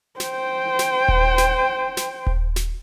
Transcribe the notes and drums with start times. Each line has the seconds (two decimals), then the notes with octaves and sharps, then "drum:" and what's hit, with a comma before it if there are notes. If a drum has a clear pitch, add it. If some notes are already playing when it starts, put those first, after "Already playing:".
0.20 C5 G5, drum: snare
0.79 drum: snare
1.08 drum: kick D#1
1.38 drum: snare
1.97 drum: snare
2.27 drum: kick D#1
2.56 drum: snare